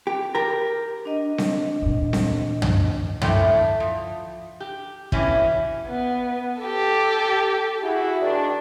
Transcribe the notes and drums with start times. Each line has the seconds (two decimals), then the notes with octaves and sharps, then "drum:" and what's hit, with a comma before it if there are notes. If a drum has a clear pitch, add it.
0.07 G4
0.35 G4 A#4
1.05 D4 D#5
1.38 drum: snare C4
1.82 E2 A#2
2.13 drum: snare C4
2.62 drum: tom
3.21 A2 G#3 A3 D4 C#5 G5, drum: tom
3.80 F3
4.60 G4
5.12 B2 E3 C#4 E4 G4, drum: kick
5.87 B3
6.62 G4 A4
7.83 E4 F#4 G#4
8.22 D#3 D4